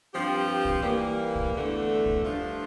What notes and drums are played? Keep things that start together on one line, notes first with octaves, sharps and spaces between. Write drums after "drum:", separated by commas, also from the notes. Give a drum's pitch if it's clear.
G2 F3 C4 G4
drum: kick C2
E3 G3 A#3
drum: kick C2
E2 D3 A3
drum: kick C2
G2 F3 A3 D4 F4